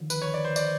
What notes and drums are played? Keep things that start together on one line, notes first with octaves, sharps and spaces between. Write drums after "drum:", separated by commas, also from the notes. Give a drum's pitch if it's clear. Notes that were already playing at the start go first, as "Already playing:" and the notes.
Already playing: D#2 D3 F3
B4, drum: tambourine
C#5
D5
C5
D5, drum: tambourine